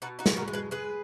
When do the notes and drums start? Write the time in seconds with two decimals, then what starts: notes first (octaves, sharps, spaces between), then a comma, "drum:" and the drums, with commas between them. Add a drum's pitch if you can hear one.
0.02 B2 D#4 F#4
0.19 D#4 F#4
0.26 B2, drum: snare
0.36 F#4 A#4
0.48 G#3
0.53 G#4 B4
0.71 G#3 G#4 B4